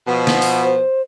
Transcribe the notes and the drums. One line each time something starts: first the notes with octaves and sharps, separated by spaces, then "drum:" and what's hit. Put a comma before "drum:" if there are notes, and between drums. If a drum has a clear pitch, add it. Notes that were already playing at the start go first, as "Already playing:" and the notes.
B2 F3
drum: snare
drum: open hi-hat
C5